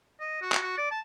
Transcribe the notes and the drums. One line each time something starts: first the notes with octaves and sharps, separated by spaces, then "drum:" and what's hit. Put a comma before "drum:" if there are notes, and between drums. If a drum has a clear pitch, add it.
D#5
F#4
drum: clap
F#4
D5
A5